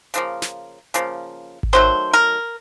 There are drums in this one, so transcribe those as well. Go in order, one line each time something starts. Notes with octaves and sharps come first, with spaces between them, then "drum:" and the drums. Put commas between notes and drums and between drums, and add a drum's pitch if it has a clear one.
C#3 F3 A#3, drum: hi-hat
drum: snare
C#3 F3 A#3, drum: hi-hat
drum: kick G#1
D#3 F#3 A3 C5
A#4